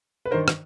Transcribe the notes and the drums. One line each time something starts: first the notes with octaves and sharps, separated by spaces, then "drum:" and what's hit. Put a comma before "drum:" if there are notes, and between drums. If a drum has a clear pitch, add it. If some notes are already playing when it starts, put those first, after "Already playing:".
B4
G2 D#3 A#4 C5
drum: rim click